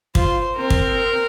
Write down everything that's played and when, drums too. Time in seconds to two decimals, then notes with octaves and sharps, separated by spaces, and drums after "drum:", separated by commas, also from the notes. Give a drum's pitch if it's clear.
0.15 F4 C5, drum: kick
0.56 C4 A#4
0.70 drum: kick